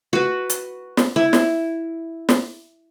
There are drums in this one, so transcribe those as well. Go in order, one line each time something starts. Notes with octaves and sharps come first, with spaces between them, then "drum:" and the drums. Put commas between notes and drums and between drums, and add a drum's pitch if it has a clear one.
F#4 B4
drum: hi-hat
drum: snare
E4
drum: snare
drum: snare